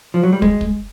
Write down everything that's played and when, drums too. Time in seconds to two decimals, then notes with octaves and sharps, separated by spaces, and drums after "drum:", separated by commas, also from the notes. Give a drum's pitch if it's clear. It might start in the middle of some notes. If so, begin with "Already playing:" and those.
0.14 F3
0.23 F#3
0.33 G3
0.42 G#3, drum: kick
0.61 drum: kick